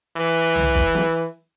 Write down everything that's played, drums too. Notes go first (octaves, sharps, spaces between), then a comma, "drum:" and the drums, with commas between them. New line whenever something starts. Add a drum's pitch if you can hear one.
E3
drum: tom C2
drum: kick
drum: snare